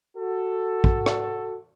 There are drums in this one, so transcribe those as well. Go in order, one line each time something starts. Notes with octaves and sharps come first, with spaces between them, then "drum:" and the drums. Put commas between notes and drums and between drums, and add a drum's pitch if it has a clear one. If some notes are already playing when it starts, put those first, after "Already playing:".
F#4 A4
drum: kick
drum: rim click